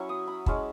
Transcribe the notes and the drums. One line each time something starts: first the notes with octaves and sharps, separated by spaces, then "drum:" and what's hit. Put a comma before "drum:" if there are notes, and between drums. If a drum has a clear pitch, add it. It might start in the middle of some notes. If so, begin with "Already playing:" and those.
Already playing: F#3 C#4 E4 C#6
D#6
B5
G#3 C#4 E4 A5, drum: kick